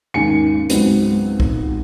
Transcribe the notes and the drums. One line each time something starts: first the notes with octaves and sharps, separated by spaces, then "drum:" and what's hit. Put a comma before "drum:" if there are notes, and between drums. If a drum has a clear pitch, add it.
G#1 D#2 D#3 C#4 G#5 C#7
C#2 G#2 F#3 B3 C4, drum: hi-hat
drum: kick